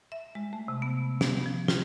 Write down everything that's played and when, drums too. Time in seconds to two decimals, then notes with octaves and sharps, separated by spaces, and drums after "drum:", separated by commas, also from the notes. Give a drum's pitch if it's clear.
0.12 E5
0.35 G#3
0.53 A3
0.68 C3
0.82 B3
1.21 B3, drum: snare
1.46 F3
1.68 F4, drum: snare